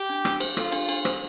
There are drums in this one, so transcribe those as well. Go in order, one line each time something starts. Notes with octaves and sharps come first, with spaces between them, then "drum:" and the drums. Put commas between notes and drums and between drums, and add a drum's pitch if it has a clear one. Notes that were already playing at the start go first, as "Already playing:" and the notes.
Already playing: G4
D4
D4, drum: rim click
C5, drum: cymbal
F4 A4, drum: rim click
D4, drum: cymbal
D4, drum: cymbal
C5, drum: rim click